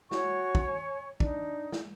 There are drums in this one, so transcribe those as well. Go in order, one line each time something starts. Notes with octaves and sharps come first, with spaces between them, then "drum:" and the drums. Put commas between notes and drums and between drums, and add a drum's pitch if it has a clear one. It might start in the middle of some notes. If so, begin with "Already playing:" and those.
F#4 C#5 G#5 C#6, drum: snare
drum: kick
D4 D#4, drum: kick
drum: snare